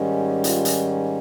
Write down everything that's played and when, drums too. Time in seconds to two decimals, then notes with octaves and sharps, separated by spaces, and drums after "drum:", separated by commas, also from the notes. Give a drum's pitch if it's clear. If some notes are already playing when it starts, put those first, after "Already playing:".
Already playing: G#2 D#3 G3 C#4
0.44 F4, drum: hi-hat
0.65 drum: hi-hat